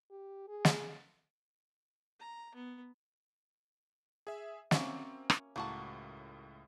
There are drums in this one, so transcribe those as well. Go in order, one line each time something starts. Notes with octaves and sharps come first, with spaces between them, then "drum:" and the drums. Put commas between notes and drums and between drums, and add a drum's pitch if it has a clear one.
G4
G#4
drum: snare
A#5
B3
G#4 E5
A#3 C4 C#4 F#4 E5, drum: snare
drum: rim click
C#2 A2 A#3 F#4 A5